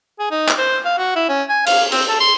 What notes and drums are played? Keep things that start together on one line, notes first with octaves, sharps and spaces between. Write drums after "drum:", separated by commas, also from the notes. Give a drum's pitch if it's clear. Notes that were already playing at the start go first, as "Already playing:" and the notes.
G#4
D#4
drum: clap
C5
F5
F#4
E4
C#4
G#5
F5, drum: cymbal
C4, drum: cymbal
A4
C6